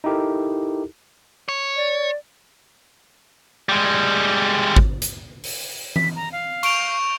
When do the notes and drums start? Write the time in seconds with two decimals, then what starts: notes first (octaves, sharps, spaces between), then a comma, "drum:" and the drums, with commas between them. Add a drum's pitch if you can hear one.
0.04 D#4 E4 G4 A4 A#4
1.49 C#5
1.77 D5
3.69 G3 G#3
4.76 drum: kick G#1
5.02 drum: hi-hat
5.44 drum: open hi-hat
5.96 B6, drum: tom E3
6.16 A#5
6.32 F5
6.63 C#6 D7 F7, drum: cymbal